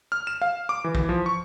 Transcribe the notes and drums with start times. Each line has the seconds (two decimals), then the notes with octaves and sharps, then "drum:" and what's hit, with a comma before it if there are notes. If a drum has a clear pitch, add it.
0.12 F6
0.27 E7
0.42 F5
0.69 D6
0.84 E3
0.95 drum: kick
1.09 F3
1.26 C#6